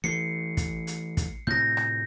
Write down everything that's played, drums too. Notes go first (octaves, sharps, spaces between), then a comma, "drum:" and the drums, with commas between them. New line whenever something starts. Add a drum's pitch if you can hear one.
E3 A3 C7 C#7
drum: kick, hi-hat
drum: hi-hat
drum: kick, hi-hat
A2 C3 G6 A#6
drum: rim click